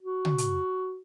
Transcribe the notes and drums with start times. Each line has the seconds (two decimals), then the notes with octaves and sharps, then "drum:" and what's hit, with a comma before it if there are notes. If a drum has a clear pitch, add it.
0.02 F#4
0.25 drum: tom
0.38 drum: hi-hat